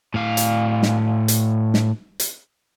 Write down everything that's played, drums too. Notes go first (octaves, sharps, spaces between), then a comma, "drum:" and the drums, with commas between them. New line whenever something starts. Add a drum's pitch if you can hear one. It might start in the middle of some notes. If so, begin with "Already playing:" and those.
A2 F5
drum: hi-hat
drum: snare
drum: hi-hat
drum: snare
drum: hi-hat